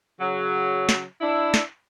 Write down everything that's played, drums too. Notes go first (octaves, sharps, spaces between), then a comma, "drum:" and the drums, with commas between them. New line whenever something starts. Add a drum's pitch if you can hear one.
C#3 F#3
drum: snare
D4 E4
drum: snare